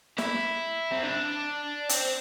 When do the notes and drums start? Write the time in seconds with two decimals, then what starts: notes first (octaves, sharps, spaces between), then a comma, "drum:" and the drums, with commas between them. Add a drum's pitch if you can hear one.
0.18 E4, drum: snare
0.92 C4
1.03 D4
1.89 C4, drum: hi-hat